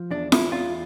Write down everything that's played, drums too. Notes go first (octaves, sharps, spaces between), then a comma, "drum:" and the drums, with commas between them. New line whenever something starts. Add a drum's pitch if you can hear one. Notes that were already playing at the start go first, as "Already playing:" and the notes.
Already playing: F3
E2 D4
E4, drum: snare F4
E2 F4